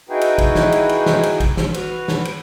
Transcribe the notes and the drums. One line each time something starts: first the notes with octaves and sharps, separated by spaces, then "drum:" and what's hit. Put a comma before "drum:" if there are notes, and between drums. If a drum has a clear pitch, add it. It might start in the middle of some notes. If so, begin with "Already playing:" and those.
D#4 E4 F#4 G#4 B4 G5
drum: cymbal
drum: kick A1, cymbal
drum: snare
drum: cymbal
drum: cymbal
drum: snare
drum: cymbal
drum: kick A1, cymbal
drum: snare
F#4 B4 F6, drum: cymbal
drum: snare
drum: cymbal